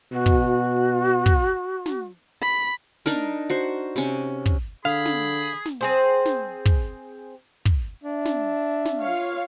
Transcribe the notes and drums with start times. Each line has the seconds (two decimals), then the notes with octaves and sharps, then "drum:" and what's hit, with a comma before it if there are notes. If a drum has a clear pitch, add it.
0.12 B2 F#4
0.26 drum: kick
1.26 drum: kick
1.86 drum: snare
2.42 B5
3.06 D4 D#4 A#4, drum: snare
3.50 F#4 C5
3.96 C3 C#4
4.46 drum: kick
4.85 D3 G#4 F5 B5
5.06 drum: snare
5.66 drum: snare
5.81 C4 G#4 C5
6.26 drum: snare
6.65 drum: kick
7.65 drum: kick
8.04 D4 E5
8.25 drum: snare
8.85 drum: snare
9.00 F4 C#5 F5